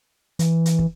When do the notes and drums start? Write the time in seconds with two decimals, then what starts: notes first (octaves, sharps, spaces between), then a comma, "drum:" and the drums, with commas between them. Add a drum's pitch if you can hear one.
0.39 E3, drum: hi-hat
0.66 drum: hi-hat
0.79 drum: kick